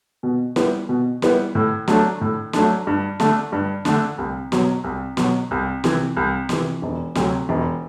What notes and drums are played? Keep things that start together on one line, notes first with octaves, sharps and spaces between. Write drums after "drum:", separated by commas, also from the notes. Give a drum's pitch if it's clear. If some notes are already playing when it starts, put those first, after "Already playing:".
B2
G3 B3 E4, drum: snare
B2
G3 B3 E4, drum: snare
A2
F#3 A3 D4 A4, drum: snare
A2
F#3 A3 D4 A4, drum: snare
G2
D3 A3 D4, drum: snare
G2
D3 A3 D4, drum: snare
C2
B2 F#3, drum: snare
C2
B2 F#3, drum: snare
C2
C3 E3, drum: snare
C2
C3 E3, drum: snare
E1
D2 C3 F#3, drum: snare
E1